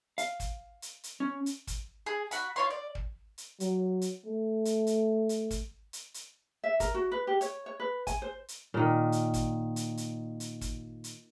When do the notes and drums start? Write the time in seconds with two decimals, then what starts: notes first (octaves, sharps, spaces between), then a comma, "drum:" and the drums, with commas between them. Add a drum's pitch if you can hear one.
0.18 F5, drum: hi-hat
0.40 drum: kick, hi-hat
0.82 drum: hi-hat
1.04 drum: hi-hat
1.20 C#4
1.46 drum: hi-hat
1.67 drum: kick, hi-hat
2.06 G#4
2.31 F#4 B5, drum: hi-hat
2.56 F4 C#5 C6
2.70 D5
2.95 drum: kick
3.38 drum: hi-hat
3.60 F#3, drum: hi-hat
4.01 drum: hi-hat
4.26 A3
4.65 drum: hi-hat
4.87 drum: hi-hat
5.29 drum: hi-hat
5.50 drum: kick, hi-hat
5.93 drum: hi-hat
6.14 drum: hi-hat
6.64 E5
6.80 A#4, drum: kick, hi-hat
6.94 F#4
7.12 B4
7.27 G4
7.41 C#5, drum: hi-hat
7.66 C#5
7.80 B4
8.07 G#5, drum: kick, hi-hat
8.22 C5
8.48 drum: hi-hat
8.74 A#2 D#3
9.12 drum: hi-hat
9.34 drum: kick, hi-hat
9.76 drum: hi-hat
9.97 drum: hi-hat
10.40 drum: hi-hat
10.61 drum: kick, hi-hat
11.04 drum: hi-hat